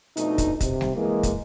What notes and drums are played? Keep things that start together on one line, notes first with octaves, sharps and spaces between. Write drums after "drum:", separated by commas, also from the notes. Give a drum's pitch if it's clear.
F2 B2 A3 D4 D#4, drum: hi-hat
drum: kick, hi-hat
C3, drum: kick, hi-hat
drum: snare G3
E3 G#3 A#3
drum: kick, hi-hat